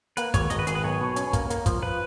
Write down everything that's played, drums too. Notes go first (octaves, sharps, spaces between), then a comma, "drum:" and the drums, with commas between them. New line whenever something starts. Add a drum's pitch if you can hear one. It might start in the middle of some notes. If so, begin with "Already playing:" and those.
A#3 B4, drum: hi-hat
G#1 C#5, drum: kick, hi-hat
G#1 D#5, drum: hi-hat
B4
G#1 G#4, drum: hi-hat
B4
B1 C#5
B2
C#4, drum: hi-hat
A#3, drum: kick, hi-hat
A#3, drum: hi-hat
F3, drum: kick, hi-hat
F3 B4